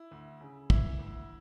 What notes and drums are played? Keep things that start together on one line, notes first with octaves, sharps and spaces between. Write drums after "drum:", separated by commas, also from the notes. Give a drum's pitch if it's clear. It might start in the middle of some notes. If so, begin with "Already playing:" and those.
Already playing: E4
D2
C#3
E3 E4, drum: kick
D2